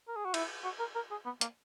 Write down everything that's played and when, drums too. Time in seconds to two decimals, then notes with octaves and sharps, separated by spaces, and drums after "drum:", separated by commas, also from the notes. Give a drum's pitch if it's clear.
0.08 A#4
0.16 G#4
0.25 F#4
0.34 E4, drum: cymbal
0.64 F#4
0.80 A#4
0.95 A#4
1.11 G#4
1.25 B3
1.41 A#3, drum: hi-hat